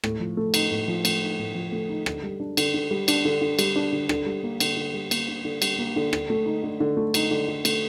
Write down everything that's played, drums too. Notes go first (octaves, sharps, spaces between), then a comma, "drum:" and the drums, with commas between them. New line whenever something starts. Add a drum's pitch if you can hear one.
A2, drum: rim click
F3
A3
D#4, drum: cymbal
A2
F3
A3, drum: cymbal
D#4
A2
F3
A3
D#4
D3, drum: rim click
G3
D4
D3, drum: cymbal
D3
G3
D4, drum: cymbal
D3
D3
G3, drum: cymbal
D4
D3
D3, drum: rim click
G3
A#3
D3, drum: cymbal
D3
G3
A#3, drum: cymbal
D3
D3
G3, drum: cymbal
A#3
D3
D3, drum: rim click
A3
D#4
D3
D3
A3
D#4, drum: cymbal
D3
D3
A3, drum: cymbal